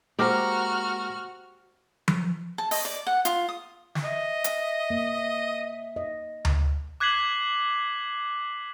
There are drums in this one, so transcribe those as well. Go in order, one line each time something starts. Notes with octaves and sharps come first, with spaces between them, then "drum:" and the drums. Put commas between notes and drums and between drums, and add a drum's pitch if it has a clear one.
G#3 A#3 F#4 G4 A#4 C5 F6
drum: tom F3
A5
D#5, drum: open hi-hat
D5
F#5
F4, drum: hi-hat
D#6
drum: snare
D#5 E5
drum: hi-hat
A#3
D#5
drum: tom D2
D6 F#6 G#6 B6 C7 F#7